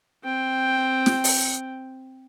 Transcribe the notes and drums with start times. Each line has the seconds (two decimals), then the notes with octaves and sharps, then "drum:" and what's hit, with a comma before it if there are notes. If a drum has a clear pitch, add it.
0.24 C4 G5
1.06 drum: snare
1.24 drum: open hi-hat